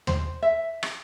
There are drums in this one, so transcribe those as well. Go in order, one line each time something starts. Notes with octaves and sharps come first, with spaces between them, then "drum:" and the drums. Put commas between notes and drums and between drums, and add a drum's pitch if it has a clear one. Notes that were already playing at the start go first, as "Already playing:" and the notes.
C5, drum: tom D#2
E5
drum: rim click